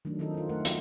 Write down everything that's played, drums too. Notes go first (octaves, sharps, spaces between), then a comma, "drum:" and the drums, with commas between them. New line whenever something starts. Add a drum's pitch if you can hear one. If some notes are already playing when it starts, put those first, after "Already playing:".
D#3 F#3 A3 D4
D#3 F3 C4 D#4 A4
C4 F4
A3 D#4 A#4 F#5
F3 A#3 F#4, drum: hi-hat